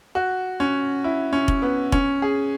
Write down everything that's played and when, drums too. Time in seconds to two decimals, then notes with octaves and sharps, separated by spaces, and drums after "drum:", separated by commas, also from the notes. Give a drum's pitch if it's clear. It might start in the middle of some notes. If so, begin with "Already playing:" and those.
0.15 F#4
0.60 C#4
1.04 E4
1.33 C#4
1.48 drum: kick F1
1.62 B3
1.92 C#4, drum: kick F1
2.22 G#4